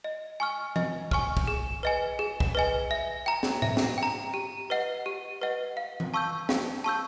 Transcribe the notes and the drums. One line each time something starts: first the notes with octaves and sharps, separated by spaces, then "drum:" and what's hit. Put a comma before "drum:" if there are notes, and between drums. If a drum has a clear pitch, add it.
D#5
G#5 C#6 F6
D#5, drum: tom E3
G#5 C#6 F6, drum: kick
drum: kick
G#4
B4 D#5 G#5
G#4
drum: kick
B4 D#5 G#5
E5
G5 A#5
drum: snare
E5, drum: tom G#2
drum: snare
G5 A#5
G4
B4 D#5 F#5
G4
B4 D#5 F#5
F5
drum: tom E3
A5 C#6 E6 G6
F5, drum: snare
A5 C#6 E6 G6